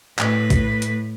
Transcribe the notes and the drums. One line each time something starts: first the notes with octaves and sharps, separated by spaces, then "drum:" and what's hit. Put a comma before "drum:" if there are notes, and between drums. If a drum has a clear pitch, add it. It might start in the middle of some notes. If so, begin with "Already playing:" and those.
A2 B4, drum: clap
drum: kick, hi-hat
drum: hi-hat